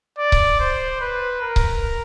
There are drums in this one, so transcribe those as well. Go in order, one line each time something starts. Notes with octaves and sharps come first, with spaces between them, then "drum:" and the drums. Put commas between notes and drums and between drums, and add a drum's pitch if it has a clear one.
D5
drum: kick C#1
C5
B4
A#4
drum: kick C#1